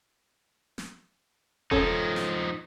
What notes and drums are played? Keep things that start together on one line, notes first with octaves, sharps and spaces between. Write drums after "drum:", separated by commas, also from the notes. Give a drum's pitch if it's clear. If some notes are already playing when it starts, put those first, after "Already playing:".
drum: snare
F3 C#4 D#4 A4, drum: kick E1
drum: snare